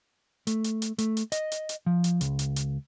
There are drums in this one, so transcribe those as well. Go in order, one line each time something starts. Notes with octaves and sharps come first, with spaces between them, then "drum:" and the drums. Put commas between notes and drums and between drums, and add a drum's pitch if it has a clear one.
A3, drum: hi-hat
drum: hi-hat
drum: hi-hat
A3, drum: hi-hat
drum: hi-hat
D#5, drum: hi-hat
drum: hi-hat
drum: hi-hat
F3
drum: hi-hat
C#2, drum: hi-hat
drum: hi-hat
drum: hi-hat